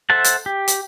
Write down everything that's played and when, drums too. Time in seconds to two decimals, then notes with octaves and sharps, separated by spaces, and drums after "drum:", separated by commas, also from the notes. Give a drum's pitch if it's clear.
0.10 A4 C5 E5 F#5 A5
0.24 drum: hi-hat
0.46 G4
0.68 drum: hi-hat